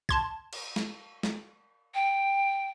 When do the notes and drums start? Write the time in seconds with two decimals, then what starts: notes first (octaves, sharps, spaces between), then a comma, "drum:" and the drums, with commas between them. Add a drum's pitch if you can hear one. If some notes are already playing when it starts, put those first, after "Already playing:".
0.09 A5 C6 G#6, drum: kick
0.53 drum: cymbal
0.76 drum: snare
1.23 drum: snare
1.95 G5